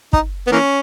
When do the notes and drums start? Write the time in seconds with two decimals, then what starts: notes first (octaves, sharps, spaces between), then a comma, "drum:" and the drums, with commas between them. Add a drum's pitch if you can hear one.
0.13 D#4, drum: kick
0.47 B3
0.52 E3 A#3 C#4